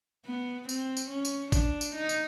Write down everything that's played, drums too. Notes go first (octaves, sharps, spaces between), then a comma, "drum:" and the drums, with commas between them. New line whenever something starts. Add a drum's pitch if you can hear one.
B3
C4, drum: tambourine
drum: tambourine
C#4
drum: tambourine
D4, drum: kick G#1, tambourine
drum: tambourine
D#4
drum: tambourine